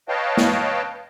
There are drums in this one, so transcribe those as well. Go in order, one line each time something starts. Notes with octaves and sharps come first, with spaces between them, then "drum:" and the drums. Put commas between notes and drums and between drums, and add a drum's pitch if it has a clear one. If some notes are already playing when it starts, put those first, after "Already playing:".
B4 C#5 D#5 F5 G5 A5
drum: snare